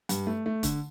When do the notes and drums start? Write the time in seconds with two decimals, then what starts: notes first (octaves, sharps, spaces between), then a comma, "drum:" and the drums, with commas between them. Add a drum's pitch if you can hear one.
0.09 G2, drum: hi-hat
0.27 A3
0.46 A3
0.63 D3, drum: kick, hi-hat